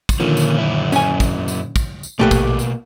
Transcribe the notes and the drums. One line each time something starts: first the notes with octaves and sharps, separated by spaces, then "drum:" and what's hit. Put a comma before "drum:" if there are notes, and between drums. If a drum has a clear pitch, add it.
drum: kick, tambourine
A#2 D3 D#3 F3 A#3 C#4
drum: tambourine
F#2 F#3 E4
C#4 G#5, drum: tambourine
drum: kick, tambourine
drum: tambourine
drum: kick, tambourine
drum: tambourine
A#1 B2 A3 A#3 G4 B4 D6
drum: kick, tambourine
drum: tambourine